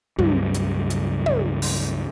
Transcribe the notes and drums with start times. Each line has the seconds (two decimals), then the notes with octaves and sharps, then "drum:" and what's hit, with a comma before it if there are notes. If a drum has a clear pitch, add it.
0.18 C#2 G2 C#3 F#3, drum: tom
0.54 drum: hi-hat
0.90 drum: hi-hat
1.26 drum: tom
1.62 drum: open hi-hat